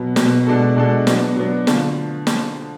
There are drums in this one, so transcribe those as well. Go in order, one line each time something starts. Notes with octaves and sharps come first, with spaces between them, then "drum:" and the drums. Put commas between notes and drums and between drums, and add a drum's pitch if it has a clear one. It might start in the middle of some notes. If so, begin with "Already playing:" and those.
Already playing: B2 F#3 B3
B2 F#3 B3, drum: snare
B2 G#3 D4 F#4 A4
B2 G#3 D4 F#4 A4
F#3 B3 D4, drum: snare
F#3 B3 D4
D3 F3 A3 F4, drum: snare
drum: snare